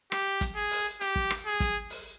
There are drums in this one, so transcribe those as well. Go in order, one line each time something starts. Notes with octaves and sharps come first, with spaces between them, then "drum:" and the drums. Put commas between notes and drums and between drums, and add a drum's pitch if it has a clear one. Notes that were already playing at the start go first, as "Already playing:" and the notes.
G4, drum: rim click
drum: kick, hi-hat
G#4
drum: open hi-hat
G4, drum: hi-hat
drum: kick
drum: rim click
G#4
drum: kick, hi-hat
drum: open hi-hat